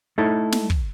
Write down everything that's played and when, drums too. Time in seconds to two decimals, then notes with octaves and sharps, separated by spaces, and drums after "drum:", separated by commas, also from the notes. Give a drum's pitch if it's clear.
0.18 A3 D#4 E4 A4
0.52 drum: snare
0.70 drum: kick